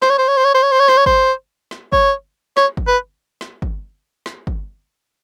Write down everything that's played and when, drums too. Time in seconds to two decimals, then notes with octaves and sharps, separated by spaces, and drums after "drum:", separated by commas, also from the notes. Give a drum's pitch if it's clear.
0.02 C5, drum: snare
0.10 C#5
0.18 C5
0.28 C#5
0.37 C5
0.44 C#5
0.54 C5
0.63 C#5
0.72 C5
0.80 C#5
0.88 C5, drum: snare
0.97 C#5
1.06 C5, drum: kick
1.71 drum: snare
1.92 C#5, drum: kick
2.57 C#5, drum: snare
2.77 drum: kick
2.87 B4
3.41 drum: snare
3.62 drum: kick
4.26 drum: snare
4.47 drum: kick